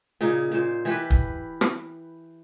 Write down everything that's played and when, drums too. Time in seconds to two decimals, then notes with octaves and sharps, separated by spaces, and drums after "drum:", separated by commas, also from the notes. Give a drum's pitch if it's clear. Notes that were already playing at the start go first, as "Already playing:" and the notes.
0.21 A#2 C#3 D#4
0.52 A#2 C5
0.85 E3 G4 B4
1.10 drum: kick
1.61 drum: rim click